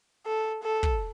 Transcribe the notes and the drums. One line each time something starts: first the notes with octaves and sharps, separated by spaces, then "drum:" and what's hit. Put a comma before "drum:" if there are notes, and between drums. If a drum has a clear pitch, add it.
A4
A4
drum: kick